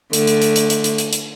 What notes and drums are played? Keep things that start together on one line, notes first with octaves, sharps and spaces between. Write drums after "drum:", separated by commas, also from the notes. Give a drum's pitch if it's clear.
D3 A3, drum: hi-hat
drum: hi-hat
drum: hi-hat
drum: hi-hat
drum: hi-hat
drum: hi-hat
drum: hi-hat
drum: hi-hat